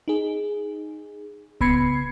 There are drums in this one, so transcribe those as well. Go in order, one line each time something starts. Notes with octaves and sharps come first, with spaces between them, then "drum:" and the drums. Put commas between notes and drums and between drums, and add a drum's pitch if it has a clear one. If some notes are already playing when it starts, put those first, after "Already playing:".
D#4 G#4
C#3 B3 B5 G#6 C7 C#7, drum: kick C2